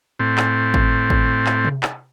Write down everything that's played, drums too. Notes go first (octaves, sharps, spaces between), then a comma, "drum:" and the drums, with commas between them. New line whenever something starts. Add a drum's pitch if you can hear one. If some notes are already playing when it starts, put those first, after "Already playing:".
A2 C4
drum: clap
drum: kick G#1
drum: kick G#1
drum: clap
drum: tom C3
drum: clap